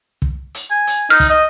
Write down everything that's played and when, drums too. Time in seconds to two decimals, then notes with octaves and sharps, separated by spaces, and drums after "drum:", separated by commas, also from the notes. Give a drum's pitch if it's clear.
0.22 drum: kick
0.54 drum: hi-hat
0.71 G#5
0.87 drum: hi-hat
1.10 D#4 F6
1.20 drum: kick, hi-hat
1.30 D#5